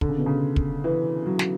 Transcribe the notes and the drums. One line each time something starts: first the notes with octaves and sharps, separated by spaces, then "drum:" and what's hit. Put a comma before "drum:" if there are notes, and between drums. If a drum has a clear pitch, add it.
D3, drum: kick
C#3
B2
C#3
drum: kick
E3
F#3
drum: snare